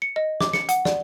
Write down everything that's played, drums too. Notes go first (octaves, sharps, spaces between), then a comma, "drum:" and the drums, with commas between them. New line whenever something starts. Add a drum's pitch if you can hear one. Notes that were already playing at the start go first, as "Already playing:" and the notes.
C#7
D#5
D6, drum: snare
C#7, drum: snare
F#5, drum: hi-hat
D5, drum: snare